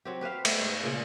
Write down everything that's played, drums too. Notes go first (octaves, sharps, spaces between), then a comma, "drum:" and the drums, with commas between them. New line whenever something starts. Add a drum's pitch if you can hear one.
F#3 C4 G4
G4 B4 C5 F5
A3 B3, drum: cymbal
G#2
A#2 C#3 G#4 G5